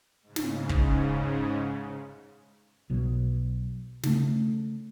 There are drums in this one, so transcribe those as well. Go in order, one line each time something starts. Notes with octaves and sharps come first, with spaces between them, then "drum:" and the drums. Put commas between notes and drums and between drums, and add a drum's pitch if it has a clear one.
G#2 C#3
drum: snare
drum: kick
B1 B2 F#3
C#3 A3, drum: snare